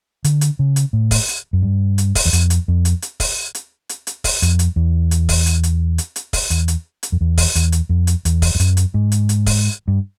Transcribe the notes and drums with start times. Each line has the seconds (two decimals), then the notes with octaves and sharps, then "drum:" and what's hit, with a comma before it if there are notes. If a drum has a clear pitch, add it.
0.24 D3, drum: hi-hat
0.41 drum: hi-hat
0.59 C#3
0.76 drum: hi-hat
0.93 A2
1.11 drum: kick, open hi-hat
1.28 drum: hi-hat
1.53 F#2
1.62 G2
1.98 drum: hi-hat
2.15 drum: kick, open hi-hat
2.25 E2
2.33 F2, drum: hi-hat
2.50 drum: hi-hat
2.68 F2
2.85 drum: hi-hat
3.02 drum: hi-hat
3.20 drum: kick, open hi-hat
3.55 drum: hi-hat
3.89 drum: hi-hat
4.07 drum: hi-hat
4.24 drum: kick, open hi-hat
4.42 F2, drum: hi-hat
4.59 drum: hi-hat
4.76 E2
5.11 drum: hi-hat
5.29 drum: kick, open hi-hat
5.46 drum: hi-hat
5.63 drum: hi-hat
5.98 drum: hi-hat
6.16 drum: hi-hat
6.33 drum: kick, open hi-hat
6.50 E2, drum: hi-hat
6.68 drum: hi-hat
7.03 drum: hi-hat
7.12 F2
7.21 E2
7.38 drum: kick, open hi-hat
7.55 E2, drum: hi-hat
7.72 drum: hi-hat
7.89 F2
8.07 drum: hi-hat
8.25 E2, drum: hi-hat
8.42 drum: kick, open hi-hat
8.55 F2
8.60 F#2, drum: hi-hat
8.77 drum: hi-hat
8.94 G#2
9.12 drum: hi-hat
9.29 drum: hi-hat
9.46 drum: kick, open hi-hat
9.88 G2